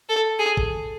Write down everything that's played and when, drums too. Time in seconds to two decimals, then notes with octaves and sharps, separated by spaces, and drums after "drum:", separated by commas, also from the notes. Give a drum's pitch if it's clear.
0.09 A4
0.39 G#4
0.57 drum: kick